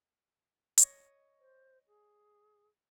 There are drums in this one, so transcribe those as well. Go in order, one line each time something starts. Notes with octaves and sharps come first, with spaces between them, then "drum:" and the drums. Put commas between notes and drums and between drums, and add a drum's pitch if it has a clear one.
C#5 D#5, drum: hi-hat
C5
G#4